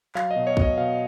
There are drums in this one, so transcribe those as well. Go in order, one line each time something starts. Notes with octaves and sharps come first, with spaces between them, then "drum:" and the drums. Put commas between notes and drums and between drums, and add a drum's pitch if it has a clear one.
F#3 F5, drum: clap
D#5
B2
C#5
B2 D#5, drum: kick
B2 F5